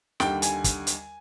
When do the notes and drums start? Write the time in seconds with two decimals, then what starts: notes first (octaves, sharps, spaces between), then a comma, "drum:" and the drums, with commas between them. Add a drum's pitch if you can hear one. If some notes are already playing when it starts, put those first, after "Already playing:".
0.20 D#2 D3 G3 G5, drum: snare
0.42 G#5, drum: hi-hat
0.64 drum: kick, hi-hat
0.87 drum: hi-hat